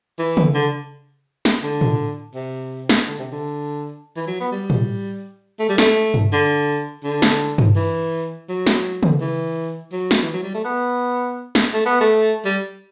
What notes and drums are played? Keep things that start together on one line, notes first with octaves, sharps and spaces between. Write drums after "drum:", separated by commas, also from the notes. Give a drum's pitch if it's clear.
E3
drum: tom C#3
D3
drum: snare
D3
drum: tom A2
C3
drum: snare
D3
C3
D3
E3
F#3
B3
G3
drum: tom A2
A3
G3
A3, drum: snare
drum: tom G2
D3
D3
drum: snare
drum: tom G2
E3
F#3
drum: snare
drum: tom C#3
E3
F#3
drum: snare
E3
F#3
G3
A3
B3
drum: snare
A3
B3
A3
G3